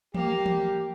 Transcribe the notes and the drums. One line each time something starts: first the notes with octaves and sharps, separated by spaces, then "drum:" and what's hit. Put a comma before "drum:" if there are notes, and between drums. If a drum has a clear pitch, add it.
A#3 G4, drum: tom E3
drum: tom E3